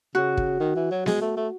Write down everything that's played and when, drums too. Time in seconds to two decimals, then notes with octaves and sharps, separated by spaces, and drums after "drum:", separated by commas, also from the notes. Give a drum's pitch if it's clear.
0.15 C#3 F#4
0.37 drum: kick
0.60 D#3
0.76 E3
0.91 F#3
1.06 G#3, drum: snare B3
1.21 A3
1.37 A3